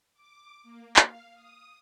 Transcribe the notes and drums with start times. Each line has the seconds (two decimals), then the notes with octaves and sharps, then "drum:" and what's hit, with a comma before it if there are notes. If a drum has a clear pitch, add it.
0.14 D6
0.63 A#3
0.96 F5, drum: clap
1.34 D#6